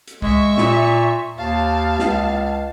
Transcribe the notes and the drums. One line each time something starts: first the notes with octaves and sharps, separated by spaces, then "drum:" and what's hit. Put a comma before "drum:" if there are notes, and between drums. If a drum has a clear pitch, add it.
drum: hi-hat
G#3 E5 C#6, drum: kick C2
A#2, drum: snare
D#2 F5 A5
C#2, drum: snare